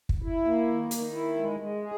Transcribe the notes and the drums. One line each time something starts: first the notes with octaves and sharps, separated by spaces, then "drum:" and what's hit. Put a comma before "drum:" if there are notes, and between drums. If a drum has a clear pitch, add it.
drum: kick
E4
A#3
D#3
D#3, drum: hi-hat
E4
G#3
G#3
G#4